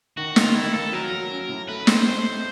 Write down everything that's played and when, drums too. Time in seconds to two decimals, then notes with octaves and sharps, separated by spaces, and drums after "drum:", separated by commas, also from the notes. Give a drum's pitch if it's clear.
0.17 D#3 F#4
0.36 D#3 F4, drum: snare
0.55 D#3 E4
0.73 A#3 A4
0.92 F#3 A#4
1.11 F#3
1.31 C#4
1.49 A2
1.69 A3 B4
1.87 A3 C5, drum: snare
2.07 C4
2.26 D#4